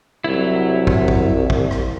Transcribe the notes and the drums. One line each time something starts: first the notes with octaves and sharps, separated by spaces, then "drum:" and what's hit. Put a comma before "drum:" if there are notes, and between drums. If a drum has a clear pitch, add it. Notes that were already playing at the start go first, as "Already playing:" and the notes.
C2 F#3 E4
drum: kick
drum: kick
drum: kick
drum: rim click